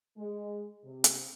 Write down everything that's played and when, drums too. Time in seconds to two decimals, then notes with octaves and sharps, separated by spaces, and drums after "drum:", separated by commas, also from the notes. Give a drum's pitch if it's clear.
0.18 G#3
0.84 C3
1.04 drum: hi-hat